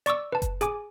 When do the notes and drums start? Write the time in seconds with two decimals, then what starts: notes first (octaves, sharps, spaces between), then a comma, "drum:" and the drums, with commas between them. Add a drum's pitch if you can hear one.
0.06 D5 C#6 D6 E6, drum: hi-hat
0.32 B4 A5
0.42 drum: kick F#1, hi-hat
0.61 G#4 G#5 D6, drum: hi-hat